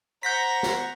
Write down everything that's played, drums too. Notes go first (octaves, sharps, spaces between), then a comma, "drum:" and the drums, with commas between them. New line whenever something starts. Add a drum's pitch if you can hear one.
C5 F#5 A#5 C#6 G6 A#6 B6
drum: snare